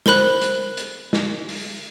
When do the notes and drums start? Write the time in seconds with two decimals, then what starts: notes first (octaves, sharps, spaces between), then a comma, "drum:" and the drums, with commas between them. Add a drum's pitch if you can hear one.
0.06 A#4 C5 B5 F#6, drum: snare
0.41 drum: hi-hat
0.77 drum: hi-hat
1.13 drum: snare
1.49 drum: open hi-hat